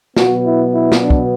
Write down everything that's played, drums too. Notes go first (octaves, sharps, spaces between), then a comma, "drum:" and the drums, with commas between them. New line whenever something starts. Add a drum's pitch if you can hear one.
B2 F#3 B3 F#4, drum: snare
E4
E4
drum: snare
D4
drum: kick